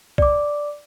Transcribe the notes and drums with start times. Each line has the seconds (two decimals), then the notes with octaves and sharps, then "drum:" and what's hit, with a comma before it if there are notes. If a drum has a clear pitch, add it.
0.18 D5 D6, drum: kick